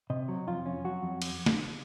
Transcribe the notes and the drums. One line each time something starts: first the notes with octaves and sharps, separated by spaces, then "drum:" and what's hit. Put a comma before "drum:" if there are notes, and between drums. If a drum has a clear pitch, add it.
C3 D#5
F#3
F2 F4
C#4
F#3 F#4
F2
drum: cymbal
drum: snare